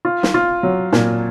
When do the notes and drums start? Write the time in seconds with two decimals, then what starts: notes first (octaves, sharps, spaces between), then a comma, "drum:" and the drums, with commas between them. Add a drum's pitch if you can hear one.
0.05 F4
0.23 drum: snare
0.34 F4
0.63 F#3
0.93 A#2, drum: snare